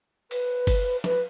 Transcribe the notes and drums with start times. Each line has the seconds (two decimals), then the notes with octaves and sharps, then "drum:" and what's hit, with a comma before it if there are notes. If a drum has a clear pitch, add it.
0.31 B4, drum: cymbal
0.67 drum: kick F#1, cymbal
1.04 B4, drum: snare